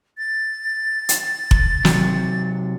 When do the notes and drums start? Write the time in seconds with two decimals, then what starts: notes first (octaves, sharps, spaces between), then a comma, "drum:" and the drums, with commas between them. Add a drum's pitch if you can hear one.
0.18 A6
1.09 drum: hi-hat
1.51 drum: kick F1
1.85 C3 F#3, drum: snare